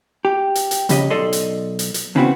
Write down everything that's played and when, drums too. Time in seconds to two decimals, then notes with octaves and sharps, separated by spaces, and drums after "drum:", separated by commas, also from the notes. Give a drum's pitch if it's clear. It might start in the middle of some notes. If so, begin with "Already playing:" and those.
0.25 G4
0.55 drum: hi-hat
0.71 drum: hi-hat
0.89 F2 C#3 G4 D#5, drum: hi-hat
1.10 B1 A4 D5 D#5 C6
1.33 drum: hi-hat
1.79 drum: hi-hat
1.94 drum: hi-hat
2.16 C#3 E3 B3 C4 F#4